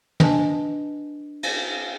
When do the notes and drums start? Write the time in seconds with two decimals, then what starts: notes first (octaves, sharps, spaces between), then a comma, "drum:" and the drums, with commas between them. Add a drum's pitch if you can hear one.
0.20 D4 B4 D#5 G#5 A5, drum: tom
1.43 drum: cymbal